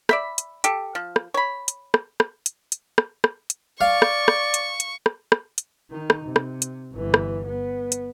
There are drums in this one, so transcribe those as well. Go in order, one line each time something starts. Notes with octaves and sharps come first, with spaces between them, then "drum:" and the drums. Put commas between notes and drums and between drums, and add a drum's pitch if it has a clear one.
D5 E5 B5, drum: rim click
drum: hi-hat
G4 A4, drum: hi-hat
F3
drum: rim click
C#5 B5
drum: hi-hat
drum: rim click
drum: rim click
drum: hi-hat
drum: hi-hat
drum: rim click
drum: rim click
drum: hi-hat
D5 F5 C#6
drum: rim click
drum: rim click
drum: hi-hat
drum: hi-hat
drum: rim click
drum: rim click
drum: hi-hat
D#3 D#4
drum: rim click
C3
drum: rim click
drum: hi-hat
G1 E3
drum: rim click
B3
drum: hi-hat